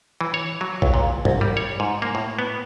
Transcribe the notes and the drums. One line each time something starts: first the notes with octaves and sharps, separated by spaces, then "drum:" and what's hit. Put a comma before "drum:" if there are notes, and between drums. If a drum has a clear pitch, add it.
E3
C#5
F#3
C#2, drum: kick
A#2
C2, drum: tom
G3
C#5
G#2
A#3
A2
B3